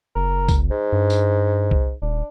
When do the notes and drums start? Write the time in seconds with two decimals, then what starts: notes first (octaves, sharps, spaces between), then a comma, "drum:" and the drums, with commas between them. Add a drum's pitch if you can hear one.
0.16 F#1 A#4
0.48 drum: kick C2, tambourine
0.71 G#2
0.93 G2
1.10 drum: tambourine
1.71 drum: kick C2
2.02 D#1 D4